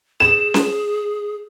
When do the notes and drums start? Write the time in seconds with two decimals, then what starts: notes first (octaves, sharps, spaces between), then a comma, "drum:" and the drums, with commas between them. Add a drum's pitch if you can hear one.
0.20 G#4 E7
0.54 drum: snare C#4